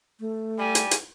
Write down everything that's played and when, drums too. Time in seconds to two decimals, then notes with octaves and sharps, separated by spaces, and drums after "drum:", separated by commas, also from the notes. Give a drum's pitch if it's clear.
0.20 A3
0.59 G3 G#5
0.75 drum: hi-hat
0.91 drum: hi-hat